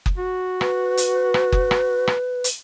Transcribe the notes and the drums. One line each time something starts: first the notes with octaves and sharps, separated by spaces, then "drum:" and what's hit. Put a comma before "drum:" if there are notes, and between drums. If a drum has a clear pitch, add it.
drum: kick F#1
F#4
B4, drum: rim click
drum: hi-hat
drum: rim click
drum: kick F#1
drum: rim click
drum: rim click
drum: hi-hat